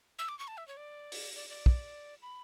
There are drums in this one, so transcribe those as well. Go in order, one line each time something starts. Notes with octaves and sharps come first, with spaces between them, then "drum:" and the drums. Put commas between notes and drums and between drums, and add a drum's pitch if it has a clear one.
E6
D6
C#6
A5
E5
C#5
D5
drum: open hi-hat
D5
D5
drum: kick
B5